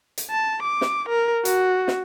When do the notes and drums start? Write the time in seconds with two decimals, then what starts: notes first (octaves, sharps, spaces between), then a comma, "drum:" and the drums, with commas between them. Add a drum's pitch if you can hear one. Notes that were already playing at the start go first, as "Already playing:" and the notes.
0.18 drum: hi-hat
0.30 A5
0.63 D6
0.81 drum: snare
1.09 A#4
1.45 F#4, drum: hi-hat
1.88 drum: snare